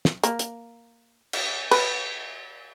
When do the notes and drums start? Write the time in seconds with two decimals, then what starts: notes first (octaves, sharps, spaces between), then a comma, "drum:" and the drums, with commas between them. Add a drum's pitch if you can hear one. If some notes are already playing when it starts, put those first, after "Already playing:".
0.05 drum: snare
0.24 A#3, drum: hi-hat
0.39 drum: hi-hat
1.33 drum: cymbal
1.71 B4, drum: cymbal